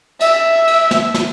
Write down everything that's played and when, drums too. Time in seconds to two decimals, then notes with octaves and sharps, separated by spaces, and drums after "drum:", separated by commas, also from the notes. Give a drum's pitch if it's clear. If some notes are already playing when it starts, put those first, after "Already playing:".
0.20 E5, drum: cymbal
0.67 drum: cymbal
0.91 drum: snare
1.14 drum: snare